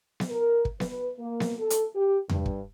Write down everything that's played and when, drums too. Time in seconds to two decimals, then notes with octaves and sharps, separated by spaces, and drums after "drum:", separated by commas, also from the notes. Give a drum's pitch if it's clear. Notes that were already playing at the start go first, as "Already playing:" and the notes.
0.20 drum: snare B3
0.30 A#4
0.65 drum: kick
0.80 B4, drum: snare B3
1.19 A#3
1.40 drum: snare B3
1.59 A4
1.70 drum: hi-hat
1.95 G4
2.29 G2, drum: tom E2
2.46 drum: kick